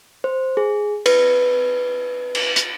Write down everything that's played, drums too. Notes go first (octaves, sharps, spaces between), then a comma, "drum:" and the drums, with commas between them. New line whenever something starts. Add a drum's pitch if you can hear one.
C5
G#4
B4, drum: cymbal
drum: cymbal
drum: hi-hat